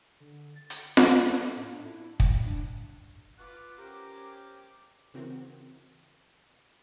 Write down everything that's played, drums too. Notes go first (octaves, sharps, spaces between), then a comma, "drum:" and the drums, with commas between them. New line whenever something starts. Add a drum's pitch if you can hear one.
D3
A6
C#7, drum: hi-hat
E3, drum: snare F4
A3
A4
A2
D4
E4
G3, drum: kick
D4
F4 B4 F#5 D6
C#4 G4 A#4 C5 G5
C#3 E3 C4 F#4 A#4